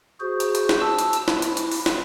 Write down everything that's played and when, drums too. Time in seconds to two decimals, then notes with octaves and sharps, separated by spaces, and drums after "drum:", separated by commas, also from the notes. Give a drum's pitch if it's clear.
0.20 F#4 G#4 C5
0.40 drum: hi-hat
0.55 drum: hi-hat
0.69 drum: snare
0.80 A5 E6
0.99 drum: hi-hat
1.13 drum: hi-hat
1.28 E4, drum: snare
1.42 drum: hi-hat
1.57 drum: hi-hat
1.72 drum: open hi-hat
1.86 drum: snare